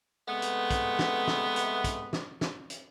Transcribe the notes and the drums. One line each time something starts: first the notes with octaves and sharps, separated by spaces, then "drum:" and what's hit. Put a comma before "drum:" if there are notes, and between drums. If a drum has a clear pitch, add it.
C3 G#3 A3 B3
drum: hi-hat
drum: kick, hi-hat
drum: snare
drum: snare
drum: hi-hat
drum: kick, hi-hat
drum: snare
drum: snare
drum: hi-hat